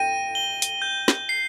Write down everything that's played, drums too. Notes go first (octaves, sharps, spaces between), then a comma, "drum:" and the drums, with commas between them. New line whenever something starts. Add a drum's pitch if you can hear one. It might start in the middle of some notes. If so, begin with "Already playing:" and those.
Already playing: G5 A#6 D#7
G7
drum: hi-hat
G6
drum: snare
C7